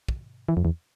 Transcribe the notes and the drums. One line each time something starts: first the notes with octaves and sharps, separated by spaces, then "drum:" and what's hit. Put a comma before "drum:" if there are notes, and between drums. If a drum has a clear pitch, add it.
drum: kick
E3
F2
E2